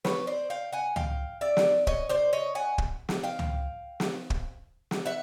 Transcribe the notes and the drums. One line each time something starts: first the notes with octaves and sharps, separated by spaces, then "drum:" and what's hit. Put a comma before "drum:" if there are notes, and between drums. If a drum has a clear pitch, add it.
B4 C#5, drum: snare
C5 D5
F5 G5
F#5 G#5
F5 G5, drum: tom C#2
D5 E5
drum: snare
C#5 D#5, drum: kick
C5 D5
C#5 D#5
F#5 G#5
drum: kick
drum: snare
F5 G5
drum: tom C#2
drum: snare
drum: kick
drum: snare
E5 F#5